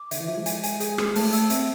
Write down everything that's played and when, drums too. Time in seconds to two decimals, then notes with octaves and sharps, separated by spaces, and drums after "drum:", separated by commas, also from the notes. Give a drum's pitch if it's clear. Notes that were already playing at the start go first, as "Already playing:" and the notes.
Already playing: D6
0.11 D3 E5, drum: hi-hat
0.20 E3
0.28 F3 E5
0.37 G#3
0.46 G#5, drum: hi-hat
0.64 G#5, drum: hi-hat
0.80 G#4, drum: hi-hat
0.98 G#4, drum: rim click
1.15 A3 A5, drum: open hi-hat
1.33 E6, drum: hi-hat
1.50 C4 E5, drum: hi-hat